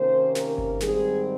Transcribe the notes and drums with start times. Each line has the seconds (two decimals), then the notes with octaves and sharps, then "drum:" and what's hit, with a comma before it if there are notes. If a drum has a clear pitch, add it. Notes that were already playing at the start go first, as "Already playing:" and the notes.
Already playing: C3 D#3 A#3 C#4 C5
0.35 A#4, drum: snare
0.58 drum: kick G1
0.80 G#2 D#3 G3 C4 G#4, drum: snare